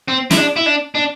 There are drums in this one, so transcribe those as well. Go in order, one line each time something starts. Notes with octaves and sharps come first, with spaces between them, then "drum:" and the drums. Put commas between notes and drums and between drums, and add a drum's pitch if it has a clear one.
C4
E4, drum: snare
D4
E4
D4
D4